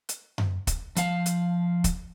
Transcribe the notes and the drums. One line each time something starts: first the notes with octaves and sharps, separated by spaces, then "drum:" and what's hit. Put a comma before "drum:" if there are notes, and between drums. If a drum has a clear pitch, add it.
drum: hi-hat
drum: tom F#2
drum: kick, hi-hat
F3 F5, drum: hi-hat
drum: hi-hat
drum: kick, hi-hat